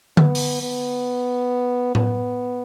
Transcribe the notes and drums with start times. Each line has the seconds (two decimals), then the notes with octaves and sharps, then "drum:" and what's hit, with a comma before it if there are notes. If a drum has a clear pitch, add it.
0.17 B3, drum: tom D3
0.35 drum: open hi-hat
0.62 B3
1.95 B3, drum: tom A2